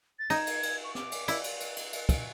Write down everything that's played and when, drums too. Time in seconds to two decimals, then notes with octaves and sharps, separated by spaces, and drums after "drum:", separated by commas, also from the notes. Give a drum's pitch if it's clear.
0.19 A6
0.30 D#4 G#6, drum: cymbal
0.47 drum: cymbal
0.63 drum: cymbal
0.84 C#6
0.95 D6, drum: snare
1.12 drum: cymbal
1.28 E4, drum: cymbal
1.44 drum: cymbal
1.60 drum: cymbal
1.76 drum: cymbal
1.93 drum: cymbal
2.09 drum: kick, cymbal